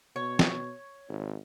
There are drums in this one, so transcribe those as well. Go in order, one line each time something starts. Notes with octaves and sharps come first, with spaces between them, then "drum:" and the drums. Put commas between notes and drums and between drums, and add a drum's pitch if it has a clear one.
B2 C#5
drum: snare
G#1